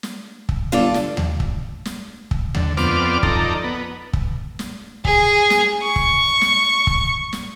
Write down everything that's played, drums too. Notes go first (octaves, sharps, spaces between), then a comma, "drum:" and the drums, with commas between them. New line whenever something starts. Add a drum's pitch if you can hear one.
drum: snare
drum: kick
G1 F4 A4 D5
drum: snare
drum: tom D#2
drum: kick
drum: snare
drum: kick
D3, drum: tom D#2
F2 B3 C4 D5 D6 F6, drum: snare
F2 D#4 A4 D5 A#5, drum: kick
B3
drum: kick
drum: snare
G#4, drum: kick
drum: snare
C#6
drum: kick
drum: snare
drum: kick
drum: snare